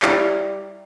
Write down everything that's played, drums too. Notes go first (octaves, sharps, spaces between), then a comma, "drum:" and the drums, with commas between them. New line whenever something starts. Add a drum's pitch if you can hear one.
G3 E4 G4 A#5, drum: clap